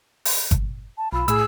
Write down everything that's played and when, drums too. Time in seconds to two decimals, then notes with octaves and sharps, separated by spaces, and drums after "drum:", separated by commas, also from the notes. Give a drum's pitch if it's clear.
0.25 drum: open hi-hat
0.51 drum: kick G1, hi-hat
0.98 A5
1.13 B1 F4 B5 E6
1.28 A2 G#4 E6, drum: hi-hat